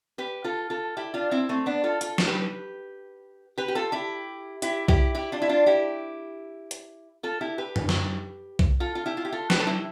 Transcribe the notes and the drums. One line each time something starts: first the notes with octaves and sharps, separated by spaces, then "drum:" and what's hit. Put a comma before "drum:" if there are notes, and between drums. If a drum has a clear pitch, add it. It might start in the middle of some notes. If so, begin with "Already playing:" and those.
G4 B4
F4 A4
F4 A4
E4 G4
D4 F4
C4 E4
A3 C4
B3 D4
F4 A4
F4 A4, drum: hi-hat
drum: snare
G4 B4
G4 B4
G4
F4 A4
E4 G4
E4 G4, drum: hi-hat
E4 G4, drum: kick
E4 G4
D4 F4
E4
D4 F4
E4 G4
drum: hi-hat
F4 A4
E4 G4
G4 B4
drum: tom F#2
drum: snare
drum: kick
F4 A4
F4
E4 G4
F4
G4
F4 A4
G4 B4, drum: snare
A4
E4 G4